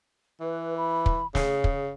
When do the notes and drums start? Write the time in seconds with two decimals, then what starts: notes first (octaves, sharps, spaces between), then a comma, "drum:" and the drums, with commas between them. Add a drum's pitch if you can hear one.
0.41 E3 B4
0.77 B5
1.06 drum: kick
1.35 C#3 G#4, drum: snare
1.64 drum: kick